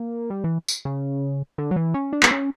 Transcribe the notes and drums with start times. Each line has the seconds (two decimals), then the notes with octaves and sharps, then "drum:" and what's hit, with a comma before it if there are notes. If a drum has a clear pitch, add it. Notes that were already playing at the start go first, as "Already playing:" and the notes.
Already playing: A#3
0.30 G3
0.44 E3
0.68 drum: tambourine
0.85 C#3
1.58 D3
1.71 F#3
1.76 E3
1.94 C#4
2.13 D4
2.23 B3, drum: clap
2.31 C#4